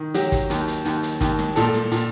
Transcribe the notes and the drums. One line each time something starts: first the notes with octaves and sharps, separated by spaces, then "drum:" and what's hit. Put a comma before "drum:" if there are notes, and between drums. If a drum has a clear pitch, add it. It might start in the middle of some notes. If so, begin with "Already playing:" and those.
Already playing: D#3
F#3 G4, drum: hi-hat
drum: kick, hi-hat
D#2, drum: hi-hat
drum: hi-hat
D#2, drum: hi-hat
drum: hi-hat
D#2, drum: kick, hi-hat
drum: snare
A#2 A4, drum: hi-hat
drum: snare
A#2, drum: hi-hat